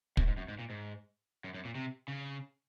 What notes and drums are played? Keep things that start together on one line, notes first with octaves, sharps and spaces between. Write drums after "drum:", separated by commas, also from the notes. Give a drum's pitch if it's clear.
F#2, drum: kick
G#2
F#2
G#2
A#2
G#2
F#2
F#2
A#2
C3
C#3